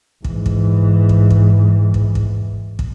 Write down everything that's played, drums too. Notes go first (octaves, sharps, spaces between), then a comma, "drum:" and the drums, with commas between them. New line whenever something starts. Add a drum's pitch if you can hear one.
G#2 E3, drum: kick
drum: kick
drum: kick
drum: kick
drum: kick
drum: kick
drum: kick